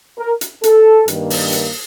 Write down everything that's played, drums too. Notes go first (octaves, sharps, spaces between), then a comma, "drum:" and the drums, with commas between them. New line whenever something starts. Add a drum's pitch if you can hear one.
A#4
drum: hi-hat
A4, drum: hi-hat
G2 D#3 A#3, drum: hi-hat
drum: open hi-hat
drum: hi-hat